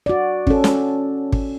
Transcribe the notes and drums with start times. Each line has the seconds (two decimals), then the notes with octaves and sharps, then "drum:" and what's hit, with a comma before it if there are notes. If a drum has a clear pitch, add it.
0.06 F#4 D5
0.47 C#4 A4, drum: kick G#1
0.64 drum: snare
1.32 drum: kick G#1